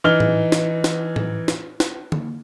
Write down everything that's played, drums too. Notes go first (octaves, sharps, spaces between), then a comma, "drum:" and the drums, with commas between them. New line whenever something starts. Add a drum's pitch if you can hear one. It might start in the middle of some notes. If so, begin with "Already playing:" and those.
E3 D#4 F6 G7
drum: tom A2
drum: snare
drum: snare
drum: tom A2
drum: snare
drum: snare
drum: tom D3